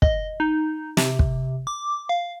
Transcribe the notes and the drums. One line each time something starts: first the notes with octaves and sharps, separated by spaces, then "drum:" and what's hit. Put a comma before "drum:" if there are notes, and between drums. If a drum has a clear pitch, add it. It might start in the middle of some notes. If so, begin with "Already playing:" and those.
D#5, drum: kick
D#4
C3, drum: snare
drum: kick
D6
F5